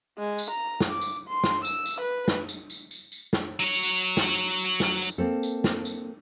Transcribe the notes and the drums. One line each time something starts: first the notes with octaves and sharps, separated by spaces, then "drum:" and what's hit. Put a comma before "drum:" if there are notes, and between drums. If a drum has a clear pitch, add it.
G#3
drum: tambourine
A#5
drum: snare
D6
drum: tambourine
C6
drum: snare
E6, drum: tambourine
drum: tambourine
B4
drum: snare
drum: tambourine
drum: tambourine
drum: tambourine
drum: tambourine
drum: snare
F#3 C#5
drum: tambourine
drum: tambourine
drum: snare
drum: tambourine
drum: tambourine
drum: snare
drum: tambourine
A#3 C4 A4
drum: tambourine
drum: snare
drum: tambourine